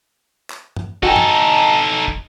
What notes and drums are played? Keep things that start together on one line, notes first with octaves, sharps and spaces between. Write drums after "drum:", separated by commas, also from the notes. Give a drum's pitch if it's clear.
drum: clap
drum: tom G2
D#4 F#4 A4 G5 G#5, drum: kick
drum: tom G2
drum: kick